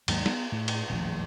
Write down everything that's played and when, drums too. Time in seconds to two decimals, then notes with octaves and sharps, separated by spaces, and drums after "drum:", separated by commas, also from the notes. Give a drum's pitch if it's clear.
0.08 D#2 G#2 F#3 A#3, drum: cymbal
0.26 B3, drum: snare
0.52 A2
0.68 drum: cymbal
0.89 D#1 A1 E2 F3